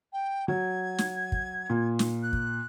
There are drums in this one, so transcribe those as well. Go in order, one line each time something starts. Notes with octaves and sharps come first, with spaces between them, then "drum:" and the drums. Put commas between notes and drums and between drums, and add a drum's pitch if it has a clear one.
G5
F#3 G#6
drum: snare
drum: kick
A#2
drum: snare
F#6
drum: kick